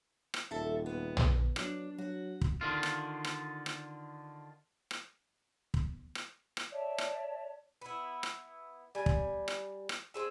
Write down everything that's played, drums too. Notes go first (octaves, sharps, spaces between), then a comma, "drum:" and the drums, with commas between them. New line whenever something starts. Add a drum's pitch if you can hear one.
drum: rim click
D#1 A4 E5
B3
drum: tom
F#3 D4, drum: rim click
F#3 F#4
drum: kick
D3 D#3 F4
drum: rim click
drum: rim click
drum: rim click
drum: rim click
drum: kick
drum: rim click
drum: rim click
C#5 D5 E5 A5
drum: rim click
B3 E4
drum: rim click
G3 G#5
drum: kick
drum: rim click
drum: rim click
C4 G#4 E5